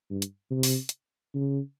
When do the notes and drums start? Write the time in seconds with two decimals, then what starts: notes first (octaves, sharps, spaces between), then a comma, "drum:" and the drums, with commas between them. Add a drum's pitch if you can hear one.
0.10 G2
0.22 drum: hi-hat
0.51 C3
0.63 drum: open hi-hat
0.89 drum: hi-hat
1.34 C#3